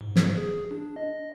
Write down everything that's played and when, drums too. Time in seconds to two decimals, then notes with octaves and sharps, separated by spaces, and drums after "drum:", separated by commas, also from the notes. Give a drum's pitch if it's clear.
0.01 G#2
0.16 drum: snare
0.35 G#4
0.71 D4
0.96 D#5